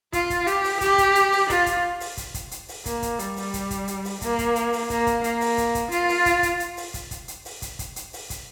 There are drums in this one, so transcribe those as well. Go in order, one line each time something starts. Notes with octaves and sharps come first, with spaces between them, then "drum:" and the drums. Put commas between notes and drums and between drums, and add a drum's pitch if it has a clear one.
F4, drum: kick, hi-hat
drum: kick, hi-hat
G4, drum: hi-hat
drum: open hi-hat
G4, drum: kick, hi-hat
drum: kick, hi-hat
drum: hi-hat
drum: open hi-hat
F4, drum: kick, hi-hat
drum: kick, hi-hat
drum: open hi-hat
drum: kick, hi-hat
drum: kick, hi-hat
drum: hi-hat
drum: open hi-hat
A#3, drum: kick, hi-hat
drum: kick, hi-hat
G3, drum: hi-hat
drum: open hi-hat
drum: kick, hi-hat
drum: kick, hi-hat
drum: hi-hat
drum: open hi-hat
A#3, drum: kick, hi-hat
drum: kick, hi-hat
drum: hi-hat
drum: open hi-hat
A#3, drum: kick, hi-hat
drum: kick, hi-hat
A#3, drum: hi-hat
drum: open hi-hat
drum: kick, hi-hat
drum: kick, hi-hat
F4, drum: hi-hat
drum: open hi-hat
drum: kick, hi-hat
drum: kick, hi-hat
drum: hi-hat
drum: open hi-hat
drum: kick, hi-hat
drum: kick, hi-hat
drum: hi-hat
drum: open hi-hat
drum: kick, hi-hat
drum: kick, hi-hat
drum: hi-hat
drum: open hi-hat
drum: kick, hi-hat